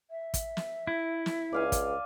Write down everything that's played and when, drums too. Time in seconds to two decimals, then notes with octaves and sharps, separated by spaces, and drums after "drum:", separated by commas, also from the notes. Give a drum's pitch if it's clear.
0.11 E5
0.34 drum: kick, hi-hat
0.57 drum: snare
0.87 E4
1.26 drum: snare
1.53 C#2 D5 F5 G#5
1.72 drum: kick, hi-hat